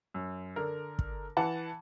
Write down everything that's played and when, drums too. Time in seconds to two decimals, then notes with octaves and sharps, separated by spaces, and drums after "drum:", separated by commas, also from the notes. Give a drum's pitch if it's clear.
0.14 F#2
0.56 D3 A#4
0.99 drum: kick
1.37 E3 F#5 A5